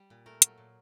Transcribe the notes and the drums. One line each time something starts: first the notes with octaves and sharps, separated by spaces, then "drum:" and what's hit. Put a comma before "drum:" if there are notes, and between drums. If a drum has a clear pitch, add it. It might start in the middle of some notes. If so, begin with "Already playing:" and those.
Already playing: G3
A#2
A3 A#4
F#3, drum: hi-hat
A#2